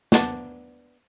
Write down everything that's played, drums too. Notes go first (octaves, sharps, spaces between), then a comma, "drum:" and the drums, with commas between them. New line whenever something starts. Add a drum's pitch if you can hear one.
B3 D4, drum: snare